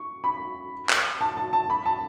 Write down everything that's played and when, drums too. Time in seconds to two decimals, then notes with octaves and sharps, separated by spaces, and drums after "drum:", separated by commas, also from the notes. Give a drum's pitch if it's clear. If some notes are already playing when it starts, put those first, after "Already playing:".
Already playing: C#6
0.24 B5
0.89 drum: clap
1.21 A5
1.37 A5
1.53 A5
1.70 B5
1.86 A5